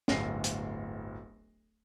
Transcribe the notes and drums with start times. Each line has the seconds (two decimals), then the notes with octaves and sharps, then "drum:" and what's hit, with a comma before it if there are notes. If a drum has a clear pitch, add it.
0.08 D1 G1 D2 A#6 C7, drum: snare
0.44 drum: hi-hat